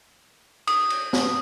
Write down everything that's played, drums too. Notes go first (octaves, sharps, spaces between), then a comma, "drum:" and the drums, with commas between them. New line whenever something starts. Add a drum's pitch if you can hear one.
D#6, drum: cymbal
drum: cymbal
drum: snare